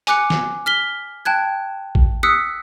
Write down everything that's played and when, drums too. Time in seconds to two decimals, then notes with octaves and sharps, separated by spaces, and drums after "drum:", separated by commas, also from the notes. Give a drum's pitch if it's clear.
0.07 G#5 D6 F#6 C#7, drum: hi-hat
0.30 drum: snare
0.66 F6 B6 G7
1.25 G5 A5 F#6 G#6
1.95 drum: kick A1
2.23 D#6 E6 F#6 B6 C#7